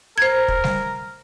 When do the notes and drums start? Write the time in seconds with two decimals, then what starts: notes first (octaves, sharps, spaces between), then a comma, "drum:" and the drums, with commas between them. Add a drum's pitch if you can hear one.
0.18 A#4 C5 G#6
0.48 drum: kick
0.64 drum: snare G3